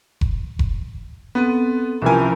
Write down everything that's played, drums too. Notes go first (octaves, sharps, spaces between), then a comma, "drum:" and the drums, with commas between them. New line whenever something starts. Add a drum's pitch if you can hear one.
drum: kick F1
drum: kick F1
B3 C4 A4
C2 E3 F3 C#4 A#4 G#5